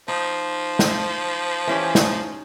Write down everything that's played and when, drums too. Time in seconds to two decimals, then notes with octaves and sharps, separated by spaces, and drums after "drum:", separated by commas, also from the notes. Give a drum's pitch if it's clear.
0.08 F3 D#4
0.79 drum: snare
1.67 E3 C#4 G4
1.95 D#4, drum: snare